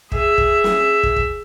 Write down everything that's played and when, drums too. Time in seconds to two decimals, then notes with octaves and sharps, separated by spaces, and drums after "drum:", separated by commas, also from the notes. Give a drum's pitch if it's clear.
0.12 G#4 E5, drum: kick
0.38 drum: kick
0.64 drum: snare
1.03 drum: kick
1.16 drum: kick